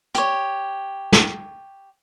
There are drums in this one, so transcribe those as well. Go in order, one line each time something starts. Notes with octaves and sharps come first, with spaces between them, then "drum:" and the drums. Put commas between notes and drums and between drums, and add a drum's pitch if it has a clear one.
G4 C#5, drum: hi-hat
drum: snare